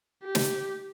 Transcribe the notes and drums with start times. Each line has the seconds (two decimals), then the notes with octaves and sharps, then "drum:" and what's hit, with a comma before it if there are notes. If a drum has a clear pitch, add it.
0.24 G4
0.35 drum: snare